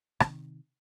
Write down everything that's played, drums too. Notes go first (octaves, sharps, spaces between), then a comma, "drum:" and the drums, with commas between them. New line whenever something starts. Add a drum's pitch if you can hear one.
C3 D#3, drum: rim click